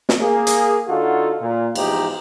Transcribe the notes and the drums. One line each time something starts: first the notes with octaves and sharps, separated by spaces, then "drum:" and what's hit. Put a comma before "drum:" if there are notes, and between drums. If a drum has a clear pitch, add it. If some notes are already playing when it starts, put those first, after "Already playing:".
drum: snare
A#3 G#4
drum: hi-hat
D3 D#4 F4 F#4 A4
A#2
E2 G#2 F3 D#4 G4, drum: cymbal